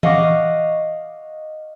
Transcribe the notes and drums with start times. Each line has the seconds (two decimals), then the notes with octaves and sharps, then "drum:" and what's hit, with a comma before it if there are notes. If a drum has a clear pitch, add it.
0.03 D#5 F5 F#5 C#6 D6, drum: tom E3